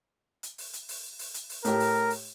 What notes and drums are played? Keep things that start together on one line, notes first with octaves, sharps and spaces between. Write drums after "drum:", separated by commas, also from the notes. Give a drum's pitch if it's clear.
drum: hi-hat
drum: open hi-hat
drum: hi-hat
drum: open hi-hat
drum: open hi-hat
drum: hi-hat
drum: open hi-hat
A2 G4 A#4, drum: hi-hat
drum: open hi-hat
drum: open hi-hat